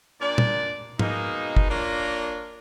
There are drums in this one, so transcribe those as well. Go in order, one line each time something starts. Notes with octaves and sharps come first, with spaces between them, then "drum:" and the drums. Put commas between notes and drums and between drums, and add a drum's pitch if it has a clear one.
A#2 D4 D5
drum: tom
B2 G#3 A#3 D#4, drum: tom
drum: kick
A#3 D4 F4 C#5 A#5